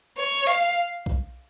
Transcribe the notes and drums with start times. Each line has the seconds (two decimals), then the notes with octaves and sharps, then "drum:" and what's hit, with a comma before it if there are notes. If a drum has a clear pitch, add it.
0.17 C#5
0.47 F5
1.06 drum: kick B1